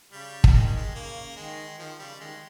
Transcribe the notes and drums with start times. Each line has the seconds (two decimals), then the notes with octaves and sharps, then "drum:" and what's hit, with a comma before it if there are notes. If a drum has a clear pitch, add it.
0.12 C#3 G3
0.44 drum: kick
0.54 D#3 G#3
0.65 G3
0.76 G#3
0.95 C#3 A#3
1.36 D#3 G#3
1.79 D#3 F3
1.99 C#3 G3
2.19 D#3 G#3